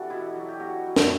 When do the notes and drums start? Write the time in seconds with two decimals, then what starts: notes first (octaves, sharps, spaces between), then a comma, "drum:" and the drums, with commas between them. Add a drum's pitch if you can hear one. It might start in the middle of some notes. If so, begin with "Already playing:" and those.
Already playing: C3 E3 D4 F#4 A4
0.10 B2 E4
0.36 F#3
0.48 G4
0.60 B2 F#4
0.86 F#3
0.96 drum: snare